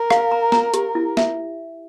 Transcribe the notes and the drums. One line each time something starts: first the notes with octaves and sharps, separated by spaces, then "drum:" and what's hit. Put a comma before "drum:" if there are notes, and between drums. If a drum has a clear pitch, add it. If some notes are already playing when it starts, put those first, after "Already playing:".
Already playing: A#4
F5, drum: rim click
A#5
A#5, drum: snare
G4, drum: hi-hat
E4
E5, drum: snare